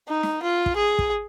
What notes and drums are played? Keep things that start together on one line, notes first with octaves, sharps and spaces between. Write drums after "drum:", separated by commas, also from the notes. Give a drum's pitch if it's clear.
D#4
drum: snare
F4
drum: kick
G#4
drum: kick